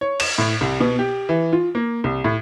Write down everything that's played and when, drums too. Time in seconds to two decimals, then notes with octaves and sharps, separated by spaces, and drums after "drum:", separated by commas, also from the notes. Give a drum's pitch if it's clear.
0.01 C#5
0.20 E7, drum: cymbal
0.38 A2
0.61 C2
0.80 B2
0.99 G4
1.29 E3
1.53 F4
1.75 A#3
2.04 C2
2.24 A2